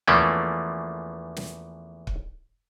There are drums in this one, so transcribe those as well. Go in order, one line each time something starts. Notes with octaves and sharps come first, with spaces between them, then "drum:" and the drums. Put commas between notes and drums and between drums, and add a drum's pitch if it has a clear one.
E2 E3 F3 A3 A#3 C#4, drum: tom
drum: snare
drum: kick